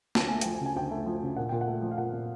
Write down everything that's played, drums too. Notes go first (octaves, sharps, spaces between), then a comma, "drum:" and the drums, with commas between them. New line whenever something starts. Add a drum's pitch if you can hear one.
D2 A5, drum: snare
A3 G#5
F3 G5, drum: hi-hat
G#5
C#3
G#5
D2 G5
A3
F3
C#3
A#2 F#5
A#2 G5
F#5
A3
F3
F5
A#2 F#5
A#2